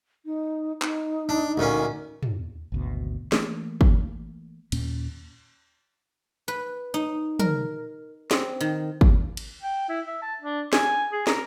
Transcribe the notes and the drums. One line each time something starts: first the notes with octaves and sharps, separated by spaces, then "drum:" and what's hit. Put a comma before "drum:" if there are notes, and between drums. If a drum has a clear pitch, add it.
D#4
D#4, drum: clap
D4
D2 A#2 C#4
drum: tom
G#1 D2 B2
E3 A3 A#3, drum: snare
drum: kick
D#2 A#2 A#3 C#4, drum: cymbal
B4
D#4
A#4, drum: tom
C4, drum: snare
D#3
drum: kick
drum: cymbal
G5
E4
E5
A5
D4
G#5, drum: snare
G#4
A#4, drum: snare